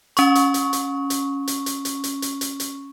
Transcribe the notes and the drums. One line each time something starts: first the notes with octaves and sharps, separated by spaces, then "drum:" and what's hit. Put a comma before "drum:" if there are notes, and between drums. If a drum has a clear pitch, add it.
C#4 C#6, drum: hi-hat
drum: hi-hat
drum: hi-hat
drum: hi-hat
drum: hi-hat
drum: hi-hat
drum: hi-hat
drum: hi-hat
drum: hi-hat
drum: hi-hat
drum: hi-hat
drum: hi-hat